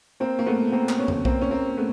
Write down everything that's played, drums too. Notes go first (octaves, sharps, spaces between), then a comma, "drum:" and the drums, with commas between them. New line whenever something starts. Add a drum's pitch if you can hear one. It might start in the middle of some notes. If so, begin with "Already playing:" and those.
A#3 C4
A#3
A3 B3
A#3 C4
drum: clap
B3 C#4
drum: tom E2
A#3 C4, drum: kick
C#4
A#3 C4
A3 B3